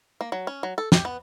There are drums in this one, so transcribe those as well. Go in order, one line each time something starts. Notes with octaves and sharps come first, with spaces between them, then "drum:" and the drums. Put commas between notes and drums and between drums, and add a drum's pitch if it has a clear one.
A#3
F#3
C#4
F#3
A4
G4, drum: snare
B3